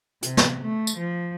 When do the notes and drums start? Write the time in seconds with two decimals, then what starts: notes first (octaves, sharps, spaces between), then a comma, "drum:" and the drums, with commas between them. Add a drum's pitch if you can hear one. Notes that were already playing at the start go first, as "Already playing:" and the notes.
0.22 C3, drum: hi-hat
0.37 drum: snare
0.61 A3
0.87 drum: tambourine
0.97 F3